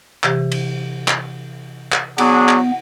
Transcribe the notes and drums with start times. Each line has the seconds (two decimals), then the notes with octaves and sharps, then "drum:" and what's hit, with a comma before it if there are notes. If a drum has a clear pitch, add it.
0.23 C3 E3 G4, drum: clap
0.52 drum: cymbal
1.08 drum: clap
1.92 drum: clap
2.18 F#3 B3 D4 G#4, drum: cymbal
2.48 drum: clap